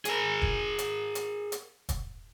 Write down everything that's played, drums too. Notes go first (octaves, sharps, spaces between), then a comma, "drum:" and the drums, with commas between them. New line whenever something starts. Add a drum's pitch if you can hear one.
G#4 A#4, drum: hi-hat
drum: kick
drum: hi-hat
drum: hi-hat
drum: hi-hat
drum: kick, hi-hat